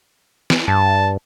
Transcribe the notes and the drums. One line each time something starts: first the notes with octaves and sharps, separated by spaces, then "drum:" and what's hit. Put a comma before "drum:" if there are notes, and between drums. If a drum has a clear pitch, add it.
drum: snare
G2 A5